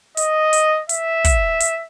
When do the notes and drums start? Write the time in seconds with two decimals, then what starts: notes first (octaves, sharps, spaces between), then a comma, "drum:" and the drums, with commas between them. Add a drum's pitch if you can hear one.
0.17 D#5, drum: hi-hat
0.53 drum: hi-hat
0.89 E5, drum: hi-hat
1.24 drum: kick, hi-hat
1.60 drum: hi-hat